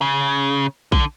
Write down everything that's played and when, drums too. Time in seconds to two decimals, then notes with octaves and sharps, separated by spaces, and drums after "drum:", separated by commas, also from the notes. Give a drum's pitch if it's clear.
0.01 C#3
0.92 D3, drum: kick A#1